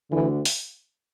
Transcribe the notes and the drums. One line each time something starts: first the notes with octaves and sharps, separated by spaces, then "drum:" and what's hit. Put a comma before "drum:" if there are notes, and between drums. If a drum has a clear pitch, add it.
D2 D3 E3
drum: open hi-hat